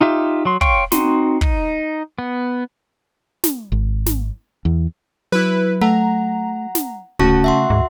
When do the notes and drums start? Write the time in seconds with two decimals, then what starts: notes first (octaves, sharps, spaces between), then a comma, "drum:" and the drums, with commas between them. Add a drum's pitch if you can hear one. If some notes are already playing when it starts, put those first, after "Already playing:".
0.01 D#4 F4 G4 E5
0.45 F#3 C6
0.61 C#5 F5 G5 C6 C#6, drum: kick
0.92 C4 D#4 F#4 C6, drum: snare
1.41 D#4, drum: kick
2.19 B3
3.44 drum: snare
3.72 G#1
4.06 drum: snare
4.65 E2
5.32 F#3 E4 B4
5.81 A3 F#5 A#5
6.75 drum: snare
7.19 D1 C#3 A3 C#4 F#4 A5 C#6
7.44 E5 F#5 C6
7.70 D2 G#2